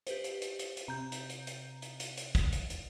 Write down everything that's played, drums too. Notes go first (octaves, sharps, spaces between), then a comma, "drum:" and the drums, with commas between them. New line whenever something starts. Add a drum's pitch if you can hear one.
G4 B4 C5, drum: hi-hat
drum: hi-hat
drum: hi-hat
drum: hi-hat
drum: hi-hat
C3 A#5 G6
drum: hi-hat
drum: hi-hat
drum: hi-hat
drum: hi-hat
drum: hi-hat
drum: hi-hat
drum: kick, hi-hat
drum: hi-hat
drum: hi-hat